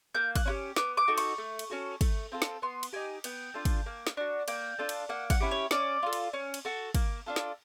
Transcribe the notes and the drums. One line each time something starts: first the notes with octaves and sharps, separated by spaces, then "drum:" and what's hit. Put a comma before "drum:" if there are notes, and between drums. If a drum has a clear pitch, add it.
A#3 G6
F#6, drum: kick, cymbal
C#4 E4 G4
B3 D6, drum: snare
D6
D#4 F#4 A4
C#6, drum: cymbal
A3
drum: cymbal
C#4 F#4 A4
A3, drum: kick, cymbal
C4 F4 A4
drum: snare
B3 C6
drum: cymbal
D#4 G4 G#5
B3 G5, drum: cymbal
D4 F4 A4
drum: kick, cymbal
A#3
drum: snare
D4 F#4
A#3 G5, drum: cymbal
D4 F4 A4
drum: cymbal
A#3 F#5
F#5, drum: kick, cymbal
C#4 E4 G4
C#5
C#4 D5, drum: snare
F4 A4
drum: cymbal
C#4
drum: cymbal
F#4 A4
A#3, drum: kick, cymbal
D4 F4 A4
drum: snare